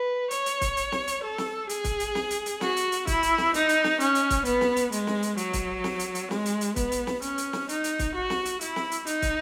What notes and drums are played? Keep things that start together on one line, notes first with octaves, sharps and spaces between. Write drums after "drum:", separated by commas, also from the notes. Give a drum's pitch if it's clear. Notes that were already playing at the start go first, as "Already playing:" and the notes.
Already playing: B4
C#5, drum: hi-hat
drum: hi-hat
drum: kick, hi-hat
drum: hi-hat
drum: snare
drum: hi-hat
A4
drum: snare
G#4, drum: hi-hat
drum: kick, hi-hat
drum: hi-hat
drum: snare
drum: hi-hat
drum: hi-hat
F#4, drum: snare
drum: hi-hat
drum: hi-hat
E4, drum: kick, hi-hat
drum: hi-hat
drum: snare
D#4, drum: hi-hat
drum: hi-hat
drum: snare
C#4, drum: hi-hat
drum: hi-hat
drum: kick, hi-hat
B3, drum: hi-hat
drum: snare
drum: hi-hat
G#3, drum: hi-hat
drum: snare
drum: hi-hat
F#3, drum: hi-hat
drum: kick, hi-hat
drum: snare
drum: hi-hat
drum: hi-hat
G#3, drum: snare
drum: hi-hat
drum: hi-hat
B3, drum: kick, hi-hat
drum: hi-hat
drum: snare
C#4, drum: hi-hat
drum: hi-hat
drum: snare
D#4, drum: hi-hat
drum: hi-hat
drum: kick, hi-hat
F#4
drum: snare
drum: hi-hat
E4, drum: hi-hat
drum: snare
drum: hi-hat
D#4, drum: hi-hat
drum: kick, hi-hat